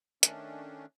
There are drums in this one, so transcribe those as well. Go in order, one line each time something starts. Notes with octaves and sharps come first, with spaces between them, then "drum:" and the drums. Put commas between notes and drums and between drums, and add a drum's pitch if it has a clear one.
D#3 A3 C#4 D4, drum: hi-hat